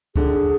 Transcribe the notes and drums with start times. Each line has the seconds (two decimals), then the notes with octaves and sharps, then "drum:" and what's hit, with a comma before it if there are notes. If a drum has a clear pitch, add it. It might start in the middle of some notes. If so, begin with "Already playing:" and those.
0.16 D3 G#4, drum: kick C#2